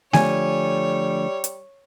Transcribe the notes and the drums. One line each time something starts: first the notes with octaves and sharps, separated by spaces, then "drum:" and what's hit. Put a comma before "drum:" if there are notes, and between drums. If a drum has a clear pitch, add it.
D3 F3 G3 A3 C#5 G#5, drum: snare A3
drum: hi-hat